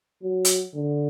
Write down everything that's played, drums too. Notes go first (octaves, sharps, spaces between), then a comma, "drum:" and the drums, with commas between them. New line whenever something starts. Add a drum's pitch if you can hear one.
F#3
drum: hi-hat
D3